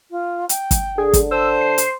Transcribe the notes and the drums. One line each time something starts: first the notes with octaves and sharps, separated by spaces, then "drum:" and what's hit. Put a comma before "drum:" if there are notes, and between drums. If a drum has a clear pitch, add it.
F4
G5, drum: hi-hat
drum: kick, hi-hat
D3 G#4
drum: kick, hi-hat
C5 A5 E6
C7
drum: hi-hat